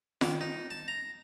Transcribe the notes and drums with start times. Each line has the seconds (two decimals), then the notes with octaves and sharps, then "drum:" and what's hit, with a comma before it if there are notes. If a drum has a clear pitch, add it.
0.21 D#3, drum: snare F4
0.41 D#4
0.71 A5
0.88 A#5